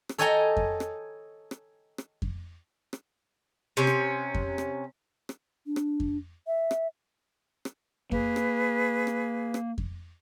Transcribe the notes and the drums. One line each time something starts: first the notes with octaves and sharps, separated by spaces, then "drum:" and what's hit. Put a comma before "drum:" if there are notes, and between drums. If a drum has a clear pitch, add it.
drum: rim click
A4 C#5 D#5 G5 G#5 A#5
drum: kick F2
drum: rim click
drum: rim click
drum: rim click
drum: kick F2
drum: rim click
C3 C#4
drum: rim click
drum: kick F2
drum: rim click
drum: rim click
D4
drum: rim click
drum: kick F2
E5
drum: rim click
drum: rim click
A#3 G#4 B4, drum: kick F2
drum: rim click
drum: rim click
drum: rim click
drum: kick F2